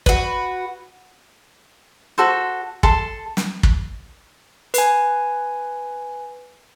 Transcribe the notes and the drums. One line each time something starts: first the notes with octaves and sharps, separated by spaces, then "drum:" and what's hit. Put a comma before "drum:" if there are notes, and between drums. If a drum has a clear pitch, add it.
F#4 B4, drum: kick
F#4 A4 C5
A4 A5 C6, drum: kick
drum: snare
drum: kick
B4 G#5, drum: hi-hat